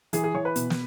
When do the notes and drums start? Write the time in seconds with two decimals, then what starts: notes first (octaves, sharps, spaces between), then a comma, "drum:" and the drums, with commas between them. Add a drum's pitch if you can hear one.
0.13 E3 G#4, drum: hi-hat
0.24 G#4
0.34 E3 C#5
0.45 B4
0.56 B2, drum: hi-hat
0.70 drum: snare